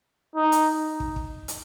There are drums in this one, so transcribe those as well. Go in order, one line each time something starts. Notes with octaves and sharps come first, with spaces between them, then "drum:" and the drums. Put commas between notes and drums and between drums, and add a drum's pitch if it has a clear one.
D#4
drum: hi-hat
drum: kick
drum: kick
drum: hi-hat